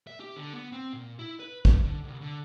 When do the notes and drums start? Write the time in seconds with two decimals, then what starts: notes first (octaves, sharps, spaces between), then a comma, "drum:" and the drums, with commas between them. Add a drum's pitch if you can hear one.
0.07 E5
0.20 G4
0.36 D3
0.54 B3
0.72 C4
0.93 A#2
1.19 E4
1.40 B4
1.65 G2, drum: kick
1.84 D3
2.04 C2
2.21 D3